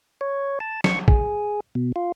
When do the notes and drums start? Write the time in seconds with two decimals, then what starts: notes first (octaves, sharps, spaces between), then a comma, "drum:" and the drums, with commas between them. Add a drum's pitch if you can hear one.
0.21 C#5
0.60 A5
0.84 C#6, drum: snare
1.08 G#4, drum: kick
1.75 B2
1.96 F4